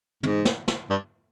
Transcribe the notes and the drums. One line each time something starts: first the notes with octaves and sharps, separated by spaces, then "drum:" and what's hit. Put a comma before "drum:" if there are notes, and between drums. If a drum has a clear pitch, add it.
G#2, drum: tom
drum: snare
drum: snare
G2